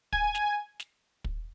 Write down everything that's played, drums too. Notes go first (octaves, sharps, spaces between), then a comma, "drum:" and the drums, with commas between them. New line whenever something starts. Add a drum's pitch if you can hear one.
G#5, drum: kick
drum: snare
drum: snare
drum: kick